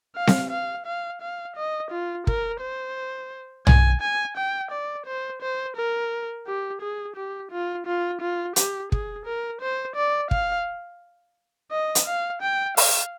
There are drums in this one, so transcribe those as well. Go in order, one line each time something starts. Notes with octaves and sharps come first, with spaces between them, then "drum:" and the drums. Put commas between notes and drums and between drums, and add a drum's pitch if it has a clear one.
F5
drum: snare C4
F5
F5
F5
D#5
F4
A#4, drum: kick
C5
G#5, drum: tom
G#5
G5
D5
C5
C5
A#4
G4
G#4
G4
F4
F4
F4
G4, drum: hi-hat
G#4, drum: kick
A#4
C5
D5
F5, drum: kick
D#5
drum: hi-hat
F5
G5
F5, drum: open hi-hat